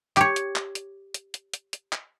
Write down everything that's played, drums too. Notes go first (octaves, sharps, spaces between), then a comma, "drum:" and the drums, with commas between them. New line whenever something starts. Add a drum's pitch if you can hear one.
G4 C#5, drum: clap
drum: hi-hat
drum: clap
drum: hi-hat
drum: hi-hat
drum: hi-hat
drum: hi-hat
drum: hi-hat
drum: clap